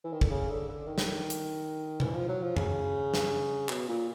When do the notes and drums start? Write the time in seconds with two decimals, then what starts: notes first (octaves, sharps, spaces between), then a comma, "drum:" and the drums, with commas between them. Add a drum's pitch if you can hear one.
0.04 E3
0.12 D#3
0.21 D3, drum: kick
0.30 C#3
0.49 D3
0.68 D3
0.87 D#3
0.98 drum: snare
1.30 drum: hi-hat
2.00 E3, drum: tom B2
2.14 F3
2.28 F#3
2.42 F3
2.57 C#3, drum: tom F#2
3.14 drum: snare
3.69 B2, drum: clap
3.88 A#2